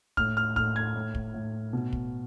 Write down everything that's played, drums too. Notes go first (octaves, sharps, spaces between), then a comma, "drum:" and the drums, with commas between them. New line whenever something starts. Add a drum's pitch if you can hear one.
A2 F6, drum: kick
F6
A2 F6, drum: kick
G#6
A2
drum: kick
A2
B2
drum: kick